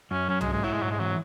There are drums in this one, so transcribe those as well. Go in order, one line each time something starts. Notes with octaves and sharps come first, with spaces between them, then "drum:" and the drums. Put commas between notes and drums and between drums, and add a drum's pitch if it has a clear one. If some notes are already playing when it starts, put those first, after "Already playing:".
F#2 C#4
F#3 C#4
G#3, drum: tom
G#2
G#3
F#3 E4
G#3
G#2 F#3
G#3
E3 F#3